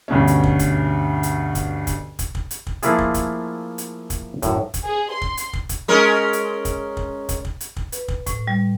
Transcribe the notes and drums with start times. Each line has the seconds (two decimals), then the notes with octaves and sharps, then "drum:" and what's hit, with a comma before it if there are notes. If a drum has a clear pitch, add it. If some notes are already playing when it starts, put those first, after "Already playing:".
0.08 D2 G2 B2 C#4
0.28 drum: hi-hat
0.43 drum: kick
0.59 drum: kick, hi-hat
1.23 drum: hi-hat
1.55 drum: kick, hi-hat
1.87 drum: kick, hi-hat
2.19 drum: kick, hi-hat
2.35 drum: kick
2.51 drum: hi-hat
2.67 drum: kick
2.83 F3 A3 A#3 E4 F4 G#4, drum: hi-hat
2.98 drum: kick
3.14 drum: kick, hi-hat
3.78 drum: hi-hat
4.10 drum: kick, hi-hat
4.42 F#2 A2, drum: kick, hi-hat
4.74 drum: kick, hi-hat
4.84 G#4
5.12 C6
5.21 drum: kick
5.37 drum: hi-hat
5.53 drum: kick
5.69 drum: kick, hi-hat
5.88 G#3 C#4 A#4
6.33 drum: hi-hat
6.65 drum: kick, hi-hat
6.97 drum: kick
7.29 drum: kick, hi-hat
7.45 drum: kick
7.61 drum: hi-hat
7.76 drum: kick
7.92 B4, drum: hi-hat
8.08 drum: kick
8.26 A2, drum: kick, hi-hat
8.48 G3